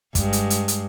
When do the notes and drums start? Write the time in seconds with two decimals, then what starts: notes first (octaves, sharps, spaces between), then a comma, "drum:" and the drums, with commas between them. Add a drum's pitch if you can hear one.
0.15 G2 G#3, drum: kick, hi-hat
0.33 drum: hi-hat
0.50 drum: hi-hat
0.68 drum: hi-hat